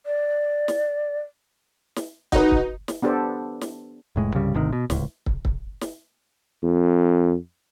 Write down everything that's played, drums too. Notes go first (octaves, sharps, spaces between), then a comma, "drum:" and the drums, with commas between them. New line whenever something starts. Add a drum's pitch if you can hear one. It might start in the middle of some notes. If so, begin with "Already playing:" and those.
D5
drum: snare
drum: snare
D#4 F#4 B4, drum: kick
drum: kick
drum: snare
B3 D4 G4 A4 C5
drum: snare
F1 A2 G#3
C2 G2 C#3 G3
G#1 D2 C3 D#3
B2
D1 C#2, drum: snare
drum: kick
drum: kick
drum: snare
F2